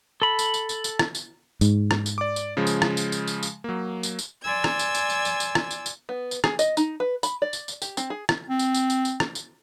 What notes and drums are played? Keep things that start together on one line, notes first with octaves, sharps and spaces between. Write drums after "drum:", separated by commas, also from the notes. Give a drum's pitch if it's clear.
A4 B5
drum: tambourine
drum: tambourine
drum: tambourine
drum: tambourine
drum: rim click
drum: tambourine
G#2, drum: tambourine
drum: rim click
drum: tambourine
D5 D6
drum: tambourine
C#3 F3 G#3
drum: tambourine
drum: rim click
drum: tambourine
drum: tambourine
drum: tambourine
drum: tambourine
F#3 A#3
drum: tambourine
drum: tambourine
D5 G#5 C6 E6 G#6
drum: rim click
drum: tambourine
drum: tambourine
drum: tambourine
drum: tambourine
drum: tambourine
drum: rim click
drum: tambourine
drum: tambourine
B3
drum: tambourine
G#4, drum: rim click
D#5, drum: tambourine
D#4, drum: tambourine
B4
B5, drum: tambourine
D5
drum: tambourine
drum: tambourine
G4, drum: tambourine
C4, drum: tambourine
G#4
drum: rim click
C4
drum: tambourine
drum: tambourine
drum: tambourine
drum: tambourine
drum: rim click
drum: tambourine